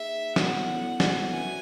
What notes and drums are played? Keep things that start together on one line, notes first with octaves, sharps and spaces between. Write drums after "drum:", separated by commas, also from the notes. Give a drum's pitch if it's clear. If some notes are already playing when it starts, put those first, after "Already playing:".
Already playing: A#3 D#4 G#4 E5
B3 E4 A4 C#5 F#5, drum: snare
drum: snare
C#4 F#4 B4 E5 G#5